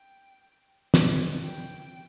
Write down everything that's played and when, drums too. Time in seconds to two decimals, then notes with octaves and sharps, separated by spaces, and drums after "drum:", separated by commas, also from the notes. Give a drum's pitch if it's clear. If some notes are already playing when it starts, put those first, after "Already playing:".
Already playing: G5
0.94 drum: snare
1.45 G5